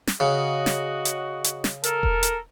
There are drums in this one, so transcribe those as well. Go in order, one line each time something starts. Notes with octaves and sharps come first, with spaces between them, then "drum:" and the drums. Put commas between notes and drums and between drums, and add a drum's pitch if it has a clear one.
drum: snare
C#3 F#4 D#5
drum: snare
drum: hi-hat
drum: hi-hat
drum: snare
A4 A#4, drum: hi-hat
drum: kick E1
drum: hi-hat